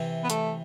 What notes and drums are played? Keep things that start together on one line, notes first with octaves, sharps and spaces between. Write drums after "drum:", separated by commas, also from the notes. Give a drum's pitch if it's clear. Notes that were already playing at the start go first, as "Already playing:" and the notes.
Already playing: C3 E3
B3
A3, drum: hi-hat